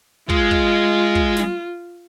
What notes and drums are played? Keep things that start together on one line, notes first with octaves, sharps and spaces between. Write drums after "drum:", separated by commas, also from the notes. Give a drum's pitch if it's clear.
G#3 F4, drum: kick
drum: kick
drum: kick
drum: snare